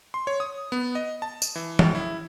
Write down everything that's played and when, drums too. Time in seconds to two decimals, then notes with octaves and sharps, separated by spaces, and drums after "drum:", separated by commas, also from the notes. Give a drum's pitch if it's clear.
0.14 C6
0.27 C#5
0.40 D#6
0.72 B3
0.95 D#5
1.22 A5
1.42 drum: tambourine
1.56 E3
1.79 A2, drum: tom E3
1.95 E4